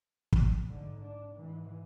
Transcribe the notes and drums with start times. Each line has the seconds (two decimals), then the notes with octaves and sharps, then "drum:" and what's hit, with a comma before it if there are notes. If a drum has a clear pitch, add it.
0.33 drum: kick
0.68 G#2 D3
1.01 D4
1.35 G#2 E3